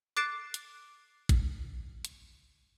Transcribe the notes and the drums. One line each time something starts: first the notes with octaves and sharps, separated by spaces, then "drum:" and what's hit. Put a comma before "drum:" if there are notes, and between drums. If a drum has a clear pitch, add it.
D6 F#6 A6 C7 D7 E7
drum: hi-hat
drum: kick, hi-hat
drum: hi-hat